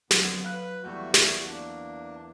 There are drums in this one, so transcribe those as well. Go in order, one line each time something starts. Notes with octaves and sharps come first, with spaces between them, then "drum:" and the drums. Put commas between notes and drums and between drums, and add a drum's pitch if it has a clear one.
F2 D3 F#3 B3, drum: snare
B4 F5 F#6
E2 G3 A3 F#4 C#6 G6
drum: snare
A#3 D4